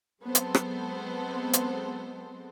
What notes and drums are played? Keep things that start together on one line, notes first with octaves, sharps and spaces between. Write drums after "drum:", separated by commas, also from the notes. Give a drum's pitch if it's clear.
F#3 G#3 B3 C4 A4 C5
drum: hi-hat
drum: rim click
drum: hi-hat